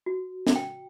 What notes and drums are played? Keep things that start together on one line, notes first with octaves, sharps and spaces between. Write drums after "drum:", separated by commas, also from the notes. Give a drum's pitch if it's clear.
F#4
drum: snare
G5